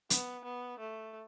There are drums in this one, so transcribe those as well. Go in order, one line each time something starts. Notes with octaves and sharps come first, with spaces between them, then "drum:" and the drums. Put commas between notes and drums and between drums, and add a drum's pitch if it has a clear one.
B3, drum: hi-hat
B3
A3